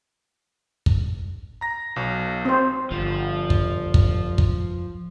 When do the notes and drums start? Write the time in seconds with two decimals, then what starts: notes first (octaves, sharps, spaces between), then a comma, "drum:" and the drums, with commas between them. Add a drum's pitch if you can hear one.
0.86 drum: kick
1.61 A#5 A#6
1.96 B1 B2
2.45 C4 C5
2.91 G1 F3
3.50 drum: kick
3.94 drum: kick
4.38 drum: kick